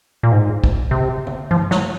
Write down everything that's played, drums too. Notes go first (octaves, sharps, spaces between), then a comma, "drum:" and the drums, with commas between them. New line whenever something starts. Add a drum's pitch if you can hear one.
A#2
G#2
drum: kick
C3
drum: tom D3
F3, drum: tom G2
F#3, drum: snare